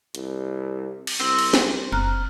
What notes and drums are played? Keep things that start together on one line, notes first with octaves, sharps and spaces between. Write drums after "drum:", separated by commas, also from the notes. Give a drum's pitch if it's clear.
C2, drum: hi-hat
drum: cymbal
C2 C4
drum: cymbal
drum: snare
F#1 A#5 F6 F#6